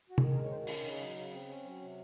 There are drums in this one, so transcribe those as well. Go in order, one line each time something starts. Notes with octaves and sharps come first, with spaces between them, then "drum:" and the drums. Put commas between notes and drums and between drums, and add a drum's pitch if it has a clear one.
F#4
D#3 G#4, drum: tom
G#4
G#3 A#4
C#5
D#3 C5
F#4
C#4 F4, drum: open hi-hat
C#3 D#4
F#3
C#3
C4
C#4
F#3
C3